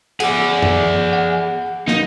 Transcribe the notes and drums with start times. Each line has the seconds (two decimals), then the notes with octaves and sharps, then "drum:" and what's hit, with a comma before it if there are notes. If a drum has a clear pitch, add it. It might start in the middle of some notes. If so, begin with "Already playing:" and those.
0.20 G#4 D5 F#5, drum: cymbal
0.62 drum: tom F#2
1.13 F#5
1.88 A#3 D#4, drum: snare